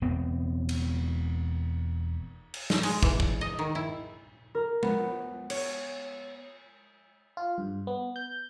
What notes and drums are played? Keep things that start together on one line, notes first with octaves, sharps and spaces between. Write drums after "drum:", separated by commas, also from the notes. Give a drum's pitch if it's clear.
E1 B3 C4
drum: cymbal
drum: cymbal
drum: snare
G#3, drum: cymbal
E3, drum: kick
drum: kick
D#5
D#3
E4
A#4
B3, drum: tom G#3
C#5, drum: cymbal
F4
G2
B3
G6